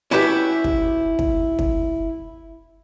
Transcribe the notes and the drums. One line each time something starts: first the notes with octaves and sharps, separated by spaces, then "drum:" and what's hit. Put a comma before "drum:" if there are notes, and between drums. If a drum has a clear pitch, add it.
C#4 E4 F#4 G4 B4 E5
drum: kick
drum: kick
drum: kick